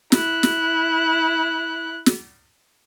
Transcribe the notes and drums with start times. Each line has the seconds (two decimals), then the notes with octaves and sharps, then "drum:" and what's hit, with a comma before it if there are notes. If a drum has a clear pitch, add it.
0.12 E4 F#6, drum: snare
0.43 drum: snare
2.06 drum: snare